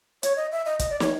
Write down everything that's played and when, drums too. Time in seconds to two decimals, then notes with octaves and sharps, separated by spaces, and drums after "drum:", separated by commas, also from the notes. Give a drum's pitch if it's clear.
0.23 C#5, drum: hi-hat
0.37 D#5
0.52 E5
0.65 D#5
0.79 D#5, drum: kick, hi-hat
0.90 D5
1.00 C#5, drum: snare